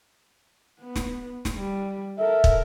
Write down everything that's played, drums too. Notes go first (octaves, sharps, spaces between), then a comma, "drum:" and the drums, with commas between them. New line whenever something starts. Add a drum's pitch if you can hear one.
B3
drum: snare
drum: snare
G3
A4 A#4 E5
drum: kick